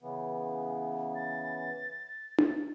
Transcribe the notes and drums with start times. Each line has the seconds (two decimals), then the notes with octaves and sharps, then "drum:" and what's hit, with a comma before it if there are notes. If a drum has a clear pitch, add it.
0.02 C#3 E3 B3
1.15 A6
2.38 drum: tom D4